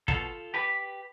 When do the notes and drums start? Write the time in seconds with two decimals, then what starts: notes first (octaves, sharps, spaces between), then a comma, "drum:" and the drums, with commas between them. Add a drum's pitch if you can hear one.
0.08 B2 F4 A4, drum: kick
0.54 G4 B4